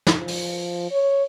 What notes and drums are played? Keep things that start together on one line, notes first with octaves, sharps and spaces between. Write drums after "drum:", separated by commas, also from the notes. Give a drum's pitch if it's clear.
drum: snare
F3
drum: open hi-hat
C#5